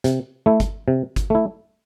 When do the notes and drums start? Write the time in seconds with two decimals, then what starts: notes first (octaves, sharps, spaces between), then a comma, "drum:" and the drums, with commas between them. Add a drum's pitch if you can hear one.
0.04 C3, drum: hi-hat
0.46 A3 E4
0.60 drum: kick G1, hi-hat
0.88 C3
1.16 drum: kick G1, hi-hat
1.30 A3 E4